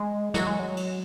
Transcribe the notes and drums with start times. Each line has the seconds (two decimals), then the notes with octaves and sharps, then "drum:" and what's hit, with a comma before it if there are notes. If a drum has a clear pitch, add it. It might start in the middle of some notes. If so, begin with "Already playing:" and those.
Already playing: G#3
0.34 F#3, drum: snare
0.47 G#3
0.59 F#3
0.77 drum: cymbal